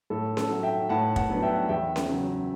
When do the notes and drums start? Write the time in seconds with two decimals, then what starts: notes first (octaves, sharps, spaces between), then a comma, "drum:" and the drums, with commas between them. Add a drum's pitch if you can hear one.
0.10 A2 A4
0.37 A4, drum: snare C#4
0.50 F#3 A3
0.63 E5 G5
0.89 A2 F#5 A5
1.16 F#5 A5, drum: kick
1.30 F#3 B3 D4
1.42 E5 G5
1.69 E2 E5 G5
1.96 drum: snare C#4
2.10 C#3 F#3